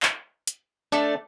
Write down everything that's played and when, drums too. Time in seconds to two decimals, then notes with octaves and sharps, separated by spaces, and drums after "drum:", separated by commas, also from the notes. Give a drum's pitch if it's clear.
0.03 drum: clap
0.47 drum: hi-hat
0.92 A3 D4 A4 D5